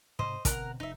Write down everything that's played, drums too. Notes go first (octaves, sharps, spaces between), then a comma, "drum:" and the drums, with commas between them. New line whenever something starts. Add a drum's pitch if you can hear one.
G#2 C3 C5 D#5
B2 D3 C4 A#4 F#5 A#5, drum: kick, hi-hat
F1 D#4 E5